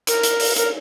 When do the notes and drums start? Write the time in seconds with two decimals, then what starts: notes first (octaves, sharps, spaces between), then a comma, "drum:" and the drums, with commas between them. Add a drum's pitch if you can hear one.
0.07 A#4, drum: hi-hat
0.23 drum: hi-hat
0.40 drum: open hi-hat
0.56 A#4, drum: hi-hat